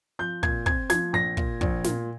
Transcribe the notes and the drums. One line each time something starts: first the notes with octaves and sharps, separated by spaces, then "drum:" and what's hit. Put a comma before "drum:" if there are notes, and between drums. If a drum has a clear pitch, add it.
F3 G6
A#2 G#6, drum: kick
C4 G#6, drum: kick
F3 G#6, drum: snare
A#1 A#6
A#2, drum: kick
A#1, drum: kick
A#2, drum: snare